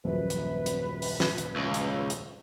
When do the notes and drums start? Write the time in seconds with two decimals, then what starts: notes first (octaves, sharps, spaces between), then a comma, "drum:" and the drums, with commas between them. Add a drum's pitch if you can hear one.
0.04 D#1 A#1 F#2 B4
0.30 drum: hi-hat
0.66 drum: hi-hat
1.02 drum: open hi-hat
1.20 drum: snare
1.38 drum: hi-hat
1.56 C#2
1.74 drum: hi-hat
2.10 drum: hi-hat